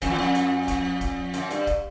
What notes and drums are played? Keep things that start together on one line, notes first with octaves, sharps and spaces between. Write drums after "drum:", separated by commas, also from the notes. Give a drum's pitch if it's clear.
F2, drum: kick, hi-hat
E2
F2
drum: hi-hat
drum: kick, hi-hat
drum: kick, hi-hat
F#2, drum: hi-hat
G2, drum: hi-hat
drum: kick, hi-hat